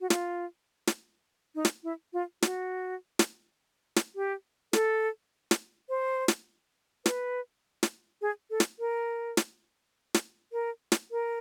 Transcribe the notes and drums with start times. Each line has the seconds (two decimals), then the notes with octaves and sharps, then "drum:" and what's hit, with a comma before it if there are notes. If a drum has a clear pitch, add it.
0.01 F#4
0.10 F4, drum: snare
0.87 drum: snare
1.55 D#4
1.65 drum: snare
1.84 E4
2.13 F4
2.42 F#4, drum: snare
3.19 drum: snare
3.96 drum: snare
4.16 G4
4.73 A4, drum: snare
5.51 drum: snare
5.89 C5
6.28 drum: snare
7.06 B4, drum: snare
7.83 drum: snare
8.21 G#4
8.50 A4
8.60 drum: snare
8.79 A#4
9.37 drum: snare
10.14 drum: snare
10.52 A#4
10.92 drum: snare
11.11 A#4